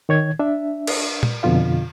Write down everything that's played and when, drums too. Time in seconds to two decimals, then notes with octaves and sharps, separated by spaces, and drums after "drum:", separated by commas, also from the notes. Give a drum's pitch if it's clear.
0.09 D#3 C#5 G#6
0.39 D4 E5
0.87 drum: cymbal
1.23 drum: tom A#2
1.43 F2 B2 D3 F4 F5